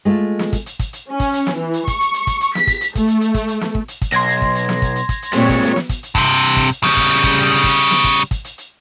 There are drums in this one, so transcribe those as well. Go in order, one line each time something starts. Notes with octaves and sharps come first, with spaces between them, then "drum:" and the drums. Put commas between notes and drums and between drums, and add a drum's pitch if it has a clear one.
G#3 A3 F4
drum: snare
drum: kick, hi-hat
drum: hi-hat
drum: kick, hi-hat
drum: hi-hat
C#4
drum: kick, hi-hat
drum: hi-hat
drum: snare
E3
drum: hi-hat
C#6, drum: kick, hi-hat
drum: hi-hat
drum: hi-hat
drum: kick, hi-hat
drum: hi-hat
B6, drum: snare
drum: kick, hi-hat
drum: hi-hat
A3, drum: kick, hi-hat
drum: hi-hat
drum: hi-hat
drum: kick, hi-hat
drum: hi-hat
drum: snare
drum: kick
drum: hi-hat
drum: kick, hi-hat
B1 C6 G#6 A#6, drum: hi-hat
drum: hi-hat
drum: kick
drum: hi-hat
drum: snare
drum: kick, hi-hat
drum: hi-hat
drum: kick, hi-hat
drum: hi-hat
A#2 G3 G#3 C4 C#5, drum: hi-hat
drum: kick, hi-hat
drum: hi-hat
drum: snare
drum: kick, hi-hat
drum: hi-hat
G2 C3, drum: kick, hi-hat
drum: hi-hat
drum: kick, hi-hat
drum: hi-hat
C#3 G3, drum: snare
drum: kick, hi-hat
drum: hi-hat
drum: kick, hi-hat
drum: hi-hat
drum: hi-hat
drum: kick, hi-hat
drum: snare
drum: kick, hi-hat
drum: hi-hat
drum: kick, hi-hat
drum: hi-hat
drum: hi-hat